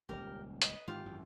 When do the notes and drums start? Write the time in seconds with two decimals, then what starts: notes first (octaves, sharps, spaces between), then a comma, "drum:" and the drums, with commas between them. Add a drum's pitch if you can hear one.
0.09 D#1 G#1 C#2 G4 A#4
0.62 B4 D#5, drum: hi-hat
0.88 G#2 D#3 E3 F4 G4
1.06 G#1 F#2 E3